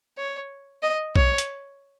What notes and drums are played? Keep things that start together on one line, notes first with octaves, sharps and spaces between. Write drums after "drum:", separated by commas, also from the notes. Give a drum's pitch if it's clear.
C#5
D#5
C#5, drum: kick B1
drum: hi-hat